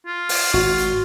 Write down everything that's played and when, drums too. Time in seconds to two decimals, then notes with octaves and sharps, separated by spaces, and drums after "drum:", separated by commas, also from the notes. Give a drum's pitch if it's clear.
0.06 F4
0.29 drum: open hi-hat
0.53 G#1 F#4
0.78 drum: hi-hat